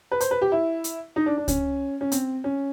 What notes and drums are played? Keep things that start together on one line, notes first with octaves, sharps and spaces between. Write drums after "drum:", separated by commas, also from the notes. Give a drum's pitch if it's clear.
B4
C5, drum: hi-hat
B4
G4
E4
drum: hi-hat
D#4
D4
D4
C#4, drum: kick C#2, hi-hat
C#4
C4, drum: hi-hat
C#4